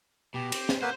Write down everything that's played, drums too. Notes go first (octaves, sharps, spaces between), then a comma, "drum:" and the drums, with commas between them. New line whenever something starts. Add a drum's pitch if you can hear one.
B2 G4
C4, drum: cymbal
drum: snare
A#3 B3 B4 C5